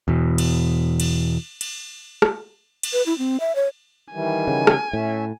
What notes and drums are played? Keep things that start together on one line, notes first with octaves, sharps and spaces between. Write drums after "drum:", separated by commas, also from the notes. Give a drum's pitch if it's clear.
E2 B2
drum: cymbal
drum: cymbal
drum: cymbal
drum: rim click
drum: cymbal
B4
E4
C4
E5
C#5
D#3 E3 G3 G#5
C#3
drum: rim click
A2 C#4 E5